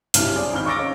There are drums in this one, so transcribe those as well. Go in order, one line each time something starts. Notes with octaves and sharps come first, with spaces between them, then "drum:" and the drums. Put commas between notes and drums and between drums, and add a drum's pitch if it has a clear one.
B1 G2 C3 E4 F6, drum: hi-hat
G#4 C5 D5
G#1 D#4 F5 B5 F6 G7
C#6 D6 E6 A6 A#6 D7
C#4 C#5